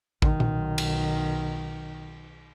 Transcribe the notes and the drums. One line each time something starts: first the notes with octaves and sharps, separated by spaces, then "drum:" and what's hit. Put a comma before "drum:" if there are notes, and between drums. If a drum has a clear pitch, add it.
B1 D#3, drum: kick A1
drum: tom A#2
drum: cymbal